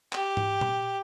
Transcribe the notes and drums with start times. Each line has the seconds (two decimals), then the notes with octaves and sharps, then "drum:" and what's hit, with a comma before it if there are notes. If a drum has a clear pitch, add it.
0.13 G4, drum: clap
0.37 drum: tom G#2
0.61 drum: tom A#2